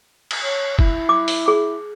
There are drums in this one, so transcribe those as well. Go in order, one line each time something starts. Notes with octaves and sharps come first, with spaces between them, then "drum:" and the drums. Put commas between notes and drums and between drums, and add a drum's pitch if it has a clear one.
drum: cymbal
C#5
E4, drum: kick F#1
D6
drum: open hi-hat
G#4 D6